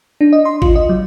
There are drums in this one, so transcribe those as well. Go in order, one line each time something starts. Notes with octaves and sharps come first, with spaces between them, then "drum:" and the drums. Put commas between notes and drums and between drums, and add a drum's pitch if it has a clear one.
D4
D#5
C6
F4, drum: kick
D#5
F#3